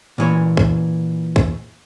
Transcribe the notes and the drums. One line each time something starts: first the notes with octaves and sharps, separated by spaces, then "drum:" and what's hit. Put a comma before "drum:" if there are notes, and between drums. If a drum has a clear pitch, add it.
A#2 E3 C#5
drum: kick
drum: kick